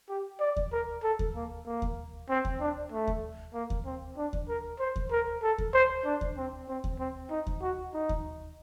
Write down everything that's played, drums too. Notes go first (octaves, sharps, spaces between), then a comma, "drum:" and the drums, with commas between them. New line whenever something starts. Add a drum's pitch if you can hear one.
G4
D5
drum: kick D#2
A#4
A4
drum: kick D#2
A#3
A#3
drum: kick D#2
C4
drum: kick D#2
D4
A3
drum: kick D#2
A#3
drum: kick D#2
C4
D4
drum: kick D#2
A#4
C5
drum: kick D#2
A#4
A4
drum: kick D#2
C5
D4
drum: kick D#2
C4
C4
drum: kick D#2
C4
D#4
drum: kick D#2
F#4
D#4
drum: kick D#2